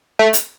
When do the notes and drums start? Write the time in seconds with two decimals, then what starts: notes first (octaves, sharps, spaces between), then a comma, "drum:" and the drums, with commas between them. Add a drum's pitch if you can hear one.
0.19 A3
0.33 drum: hi-hat